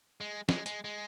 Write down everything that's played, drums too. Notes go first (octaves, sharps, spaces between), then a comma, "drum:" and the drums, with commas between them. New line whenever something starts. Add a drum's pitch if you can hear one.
G#3
G#3, drum: snare
G#3, drum: hi-hat
G#3